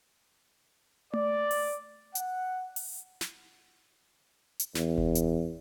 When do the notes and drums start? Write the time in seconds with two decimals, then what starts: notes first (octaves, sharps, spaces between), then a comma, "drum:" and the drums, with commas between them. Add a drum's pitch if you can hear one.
1.13 D5, drum: tom A3
1.51 drum: open hi-hat
2.15 F#5, drum: hi-hat
2.76 drum: open hi-hat
3.21 drum: snare
4.60 drum: hi-hat
4.75 E2, drum: snare
4.98 drum: kick F#1
5.15 drum: hi-hat